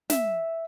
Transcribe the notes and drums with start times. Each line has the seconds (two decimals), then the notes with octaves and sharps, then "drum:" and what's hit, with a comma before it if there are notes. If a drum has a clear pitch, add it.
0.10 E5, drum: snare